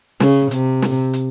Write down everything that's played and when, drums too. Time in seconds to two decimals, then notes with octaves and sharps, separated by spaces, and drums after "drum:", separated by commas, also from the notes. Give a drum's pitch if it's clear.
0.20 C#3, drum: snare
0.51 C3, drum: hi-hat
0.82 drum: snare
1.13 drum: hi-hat